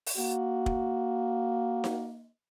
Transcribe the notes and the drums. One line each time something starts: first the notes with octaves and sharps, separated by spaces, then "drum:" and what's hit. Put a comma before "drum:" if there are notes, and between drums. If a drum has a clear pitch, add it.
drum: open hi-hat
A#3 F#4
drum: kick
drum: snare D#4